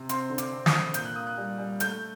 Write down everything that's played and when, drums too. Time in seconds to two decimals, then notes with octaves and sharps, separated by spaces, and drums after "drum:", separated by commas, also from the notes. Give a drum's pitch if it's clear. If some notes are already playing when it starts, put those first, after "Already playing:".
Already playing: C3
0.09 C4 C6, drum: hi-hat
0.30 D3
0.38 D6, drum: hi-hat
0.52 C4
0.66 D#6, drum: snare
0.73 D3
0.94 A#2 G6, drum: hi-hat
1.05 F#6
1.15 A#3 D#6
1.27 F#6
1.37 G3
1.58 G3
1.80 A3 G6, drum: hi-hat